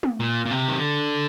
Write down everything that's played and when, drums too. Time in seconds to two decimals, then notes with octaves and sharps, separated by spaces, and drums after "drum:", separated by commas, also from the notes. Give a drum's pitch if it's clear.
0.03 drum: tom
0.20 A#2
0.46 A#2
0.51 C3
0.68 D#3
0.80 D3